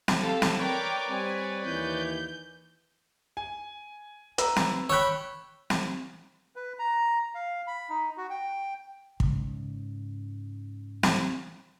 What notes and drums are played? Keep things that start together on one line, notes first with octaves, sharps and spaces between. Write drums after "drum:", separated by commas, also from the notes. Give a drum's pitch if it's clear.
drum: snare
G4 A4 F5
drum: snare
A#4 B4 C#5 D5 G5 D6
G3 C4 G#5
D#2 E3 G6
G#5
B4 A#5 E6, drum: hi-hat
drum: snare
C#5 G5 B5 E6 F#6
drum: snare
B4
A#5
F5
B5
D#4
F#4
G5
G#2 C#3, drum: kick
drum: snare